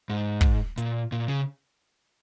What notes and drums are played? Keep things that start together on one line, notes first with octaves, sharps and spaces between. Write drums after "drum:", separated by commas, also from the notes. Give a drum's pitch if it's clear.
G#2
drum: kick
A#2, drum: hi-hat
A#2
C#3